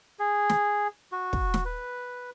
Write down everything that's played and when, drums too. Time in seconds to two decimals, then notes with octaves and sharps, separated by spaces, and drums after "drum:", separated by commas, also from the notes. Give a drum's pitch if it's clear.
0.19 G#4
0.49 drum: snare
1.12 F#4
1.33 drum: kick
1.54 drum: snare
1.65 B4